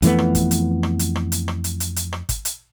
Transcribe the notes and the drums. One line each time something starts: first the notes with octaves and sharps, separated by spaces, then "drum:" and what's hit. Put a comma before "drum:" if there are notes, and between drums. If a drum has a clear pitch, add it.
F2 E3 A3 B3, drum: hi-hat
drum: rim click
drum: kick, hi-hat
drum: hi-hat
drum: rim click
drum: hi-hat
drum: rim click
drum: hi-hat
drum: rim click
drum: hi-hat
drum: hi-hat
drum: hi-hat
drum: rim click
drum: kick, hi-hat
drum: hi-hat